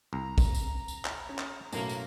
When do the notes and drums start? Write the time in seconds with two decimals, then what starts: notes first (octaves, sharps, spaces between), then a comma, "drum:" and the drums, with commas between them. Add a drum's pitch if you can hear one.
0.13 C2 A#5
0.38 drum: kick, tambourine
0.55 drum: tambourine
0.88 drum: tambourine
1.05 drum: clap
1.29 C#4
1.39 drum: clap
1.72 B1 F#2 A2 A#3, drum: tambourine
1.89 drum: tambourine